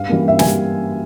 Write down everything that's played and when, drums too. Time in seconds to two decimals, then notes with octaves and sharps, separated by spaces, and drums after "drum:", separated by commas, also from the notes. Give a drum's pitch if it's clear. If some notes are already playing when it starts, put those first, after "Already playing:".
Already playing: G2 F5
0.09 E3 G3 A#3
0.28 G2 E5
0.39 G#5, drum: snare
0.44 E3 G3